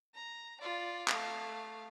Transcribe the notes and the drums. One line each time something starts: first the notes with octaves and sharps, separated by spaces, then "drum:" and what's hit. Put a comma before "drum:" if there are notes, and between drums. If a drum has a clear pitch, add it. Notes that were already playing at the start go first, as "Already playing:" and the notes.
A#5
F4 D5
A3 F5, drum: clap